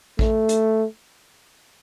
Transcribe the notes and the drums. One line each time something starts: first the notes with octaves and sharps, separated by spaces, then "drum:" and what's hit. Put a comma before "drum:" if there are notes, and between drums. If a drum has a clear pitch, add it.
A3, drum: kick A1
drum: hi-hat